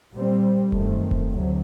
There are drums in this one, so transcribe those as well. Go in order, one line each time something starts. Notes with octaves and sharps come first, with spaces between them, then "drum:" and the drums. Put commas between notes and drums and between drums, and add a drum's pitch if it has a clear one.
A#2 G3 C4
F#2 D#3 A3 C4, drum: kick E1
drum: kick E1
D2 C3 F#3